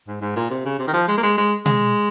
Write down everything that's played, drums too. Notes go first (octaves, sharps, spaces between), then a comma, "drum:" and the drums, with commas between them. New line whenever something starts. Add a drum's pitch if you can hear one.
G#2
G#2
A#2
C3
C#3
C3
D#3
F3
G#3
A#3
G#3
G#3
G#3, drum: tom B2